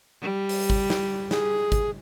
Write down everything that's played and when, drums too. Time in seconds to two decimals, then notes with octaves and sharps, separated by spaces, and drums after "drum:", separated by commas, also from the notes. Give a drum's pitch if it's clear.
0.21 G3
0.49 drum: open hi-hat
0.70 drum: kick
0.90 drum: snare
1.31 G#4, drum: snare
1.72 drum: kick, hi-hat